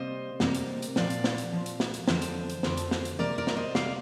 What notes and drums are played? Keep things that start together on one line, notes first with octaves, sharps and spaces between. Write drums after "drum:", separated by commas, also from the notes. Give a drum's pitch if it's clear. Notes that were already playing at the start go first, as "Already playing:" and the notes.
Already playing: C3 G3 A#3 C5 D#5
C3 G3 A#3, drum: snare
drum: hi-hat
drum: hi-hat
A#2 F3 C4 D5 F5, drum: snare
drum: hi-hat
drum: snare
drum: hi-hat
A#2 F3 C4
drum: hi-hat
drum: snare
drum: hi-hat
F2 D3 F3 C4 C5 D#5, drum: snare
drum: hi-hat
drum: hi-hat
F2 D3 F3 C4, drum: snare
drum: hi-hat
drum: snare
drum: hi-hat
C3 G3 A#3 A#4 D5
A#4 D5
drum: snare
C5 D#5
C3 G3 A#3 D5 F5, drum: snare